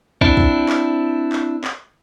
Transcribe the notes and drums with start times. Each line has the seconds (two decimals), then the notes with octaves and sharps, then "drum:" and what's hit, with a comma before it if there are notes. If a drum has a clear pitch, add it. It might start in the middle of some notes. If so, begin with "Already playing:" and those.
0.21 C4 D4 E4, drum: kick
0.37 drum: kick
0.69 drum: clap
1.32 drum: clap
1.64 drum: clap